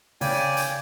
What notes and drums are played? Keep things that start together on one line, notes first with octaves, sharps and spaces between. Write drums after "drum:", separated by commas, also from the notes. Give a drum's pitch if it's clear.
C#3 D5 G5 G#5, drum: open hi-hat
drum: hi-hat